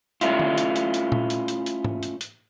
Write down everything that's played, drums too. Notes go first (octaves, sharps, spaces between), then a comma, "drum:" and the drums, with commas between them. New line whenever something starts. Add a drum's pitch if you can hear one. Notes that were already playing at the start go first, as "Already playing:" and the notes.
A3 C#4 E4 F4, drum: hi-hat
drum: tom D3
drum: hi-hat
drum: hi-hat
drum: hi-hat
drum: tom A#2
drum: hi-hat
drum: hi-hat
drum: hi-hat
drum: tom
drum: hi-hat
drum: hi-hat